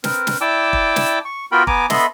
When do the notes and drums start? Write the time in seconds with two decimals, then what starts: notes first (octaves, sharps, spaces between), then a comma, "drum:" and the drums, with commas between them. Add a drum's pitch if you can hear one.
0.04 C4 A#4 B4, drum: snare
0.27 drum: snare
0.41 E4 D5 G5 A5 D6 E6
0.73 drum: kick
0.96 drum: snare
1.25 C#6
1.52 B3 F4 F#4 A#4 G5 B5
1.67 B3 G#5 A#5 D6, drum: kick
1.90 B3 A4 D#5 E5 B5 C6, drum: snare